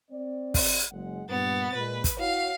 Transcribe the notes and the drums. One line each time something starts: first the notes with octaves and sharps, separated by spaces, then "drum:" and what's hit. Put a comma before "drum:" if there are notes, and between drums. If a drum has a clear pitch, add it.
C4 D5
drum: kick, open hi-hat
F#1 G#3 F#5
G2 A#2 B3 A6
A#2 G#3 B4
drum: kick, hi-hat
E4 F#4 C#5 F5